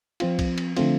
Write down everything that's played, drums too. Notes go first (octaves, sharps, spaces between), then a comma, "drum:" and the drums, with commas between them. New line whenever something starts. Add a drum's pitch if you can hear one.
F3 C4 F4, drum: cymbal
drum: kick B1, cymbal
drum: cymbal
D3 F3 A3 C4 F4, drum: cymbal